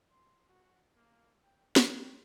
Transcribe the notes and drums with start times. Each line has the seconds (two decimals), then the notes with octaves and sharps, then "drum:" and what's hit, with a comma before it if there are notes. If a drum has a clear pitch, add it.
0.11 C6
0.48 F#4
0.95 A#3
1.44 G5
1.76 G5, drum: snare